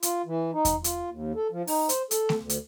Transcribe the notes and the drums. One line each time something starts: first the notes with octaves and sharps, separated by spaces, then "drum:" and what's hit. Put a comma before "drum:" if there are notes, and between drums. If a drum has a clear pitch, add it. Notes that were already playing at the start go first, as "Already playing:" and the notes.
F4, drum: hi-hat
E3
D#4
drum: kick E2, hi-hat
F4, drum: hi-hat
D#2
A4
F3
D#4, drum: open hi-hat
C5, drum: hi-hat
A4, drum: hi-hat
drum: snare A3
D2
drum: hi-hat